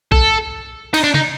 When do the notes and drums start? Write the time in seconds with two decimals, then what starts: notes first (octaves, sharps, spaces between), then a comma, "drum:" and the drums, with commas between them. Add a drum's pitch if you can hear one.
0.12 A4, drum: kick
0.94 D#4, drum: cymbal
1.04 D4
1.14 D#4, drum: tom C3